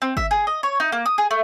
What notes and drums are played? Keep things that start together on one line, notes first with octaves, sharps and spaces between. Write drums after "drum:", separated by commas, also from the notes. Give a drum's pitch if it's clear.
C4
E5, drum: kick
G#4
D#5
C#5
D#4
A#3
D#6
G#4
A3